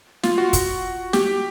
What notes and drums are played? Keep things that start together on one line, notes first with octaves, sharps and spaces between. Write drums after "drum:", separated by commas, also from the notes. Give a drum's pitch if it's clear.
F4, drum: snare
F#4
drum: kick, hi-hat
G4, drum: snare